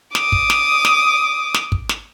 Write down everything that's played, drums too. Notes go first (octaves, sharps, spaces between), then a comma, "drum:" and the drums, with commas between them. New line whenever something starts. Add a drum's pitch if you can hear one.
D6 D#6, drum: snare
drum: kick
drum: snare
drum: snare
drum: snare
drum: kick
drum: snare